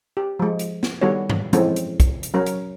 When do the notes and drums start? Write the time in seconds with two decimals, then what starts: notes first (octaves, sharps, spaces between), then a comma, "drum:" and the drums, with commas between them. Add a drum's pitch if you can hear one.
0.17 G4
0.39 F3 G#3
0.59 drum: hi-hat
0.83 drum: snare
1.01 D#3 G3 B3 F#4 A4 C#5
1.30 drum: tom G2
1.53 E3 F3 G#3 C4 C#4 A4, drum: hi-hat
1.76 drum: hi-hat
2.00 drum: kick, hi-hat
2.23 drum: hi-hat
2.34 F#3 C#4 A#4 C#5
2.46 drum: hi-hat